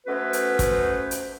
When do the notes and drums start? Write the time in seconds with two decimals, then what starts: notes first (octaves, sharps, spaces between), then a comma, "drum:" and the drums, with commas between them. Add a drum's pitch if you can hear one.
0.07 A3 B3 C#4 F#4 B4 C5
0.33 drum: hi-hat
0.59 drum: kick, hi-hat
1.11 drum: hi-hat